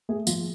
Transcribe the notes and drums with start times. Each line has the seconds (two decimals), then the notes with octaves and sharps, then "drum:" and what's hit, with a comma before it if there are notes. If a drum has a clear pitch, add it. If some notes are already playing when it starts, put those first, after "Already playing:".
0.09 A3 G#4
0.27 F3 F4, drum: tambourine